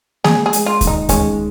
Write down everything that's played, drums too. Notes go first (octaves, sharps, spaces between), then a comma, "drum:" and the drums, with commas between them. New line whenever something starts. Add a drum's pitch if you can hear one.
G#3 G#4, drum: snare A#3
G#4
G#3, drum: hi-hat
F4
D#3, drum: kick D2, hi-hat
D#4
G#3 C#4, drum: kick D2, hi-hat